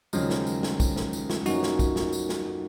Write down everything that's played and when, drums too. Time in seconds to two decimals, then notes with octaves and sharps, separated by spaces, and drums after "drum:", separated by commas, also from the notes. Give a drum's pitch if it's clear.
0.13 D#2 C#3 F3 F#3 G#3, drum: tambourine
0.30 drum: snare
0.47 drum: tambourine
0.63 drum: snare
0.80 drum: kick, tambourine
0.96 drum: snare
1.13 drum: tambourine
1.30 drum: snare
1.46 F#2 F3 A#3 C#4 D#4 F#4, drum: tambourine
1.63 drum: snare
1.79 drum: kick, tambourine
1.96 drum: snare
2.13 drum: tambourine
2.29 drum: snare